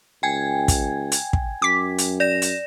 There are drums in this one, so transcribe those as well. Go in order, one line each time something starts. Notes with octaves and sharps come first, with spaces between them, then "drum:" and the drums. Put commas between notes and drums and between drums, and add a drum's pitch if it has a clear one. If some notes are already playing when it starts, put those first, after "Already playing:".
C#2 G5 G#5 G#6
drum: kick, hi-hat
drum: hi-hat
drum: kick
F#2 D6 B6
drum: hi-hat
D5 A#6 E7
drum: hi-hat